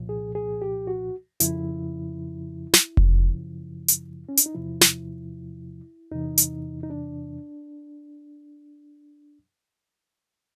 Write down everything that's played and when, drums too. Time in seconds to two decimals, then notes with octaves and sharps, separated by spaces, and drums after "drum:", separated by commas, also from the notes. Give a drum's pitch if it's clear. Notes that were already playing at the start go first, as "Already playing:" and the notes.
Already playing: C2 A#2 F3
0.09 G#4
0.35 G#4
0.62 G4
0.87 F#4
1.40 F2 C#3 F3 E4, drum: hi-hat
2.73 drum: snare
2.97 F#2 C#3 F3, drum: kick F1
3.88 drum: hi-hat
4.29 C#4
4.37 D4, drum: hi-hat
4.46 D#4
4.55 E2 C3 F3 E4
4.81 drum: snare
6.11 E2 C3 E3 D#4
6.38 drum: hi-hat
6.83 D#4
6.90 D4